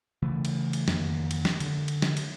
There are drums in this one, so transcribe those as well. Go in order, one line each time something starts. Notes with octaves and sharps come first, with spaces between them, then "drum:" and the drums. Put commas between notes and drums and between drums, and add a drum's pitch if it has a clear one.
C#3 E3 A3
drum: cymbal
drum: cymbal
F2 D#3 A#3, drum: snare
drum: cymbal
drum: snare
D3, drum: cymbal
drum: cymbal
drum: snare
drum: cymbal